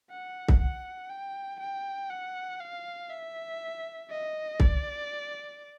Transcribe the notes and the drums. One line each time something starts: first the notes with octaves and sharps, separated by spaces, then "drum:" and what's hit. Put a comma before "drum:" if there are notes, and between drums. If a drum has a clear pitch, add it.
F#5
drum: kick C2
F#5
G5
G5
F#5
F5
E5
D#5
D5, drum: kick C2